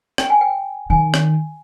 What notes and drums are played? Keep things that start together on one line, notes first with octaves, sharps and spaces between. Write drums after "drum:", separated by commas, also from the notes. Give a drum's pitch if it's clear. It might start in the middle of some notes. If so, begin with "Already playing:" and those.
G5, drum: rim click
G#5
G5
D#3 G#5
drum: rim click